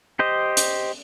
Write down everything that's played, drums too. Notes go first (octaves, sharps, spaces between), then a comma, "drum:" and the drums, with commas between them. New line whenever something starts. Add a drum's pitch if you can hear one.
G4 C5 D#5
drum: hi-hat